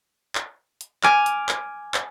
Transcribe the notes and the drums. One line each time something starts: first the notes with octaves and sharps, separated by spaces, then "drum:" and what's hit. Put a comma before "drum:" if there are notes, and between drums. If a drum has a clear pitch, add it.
drum: clap
drum: hi-hat
G#5 D6 F6, drum: clap
drum: hi-hat
drum: clap
drum: clap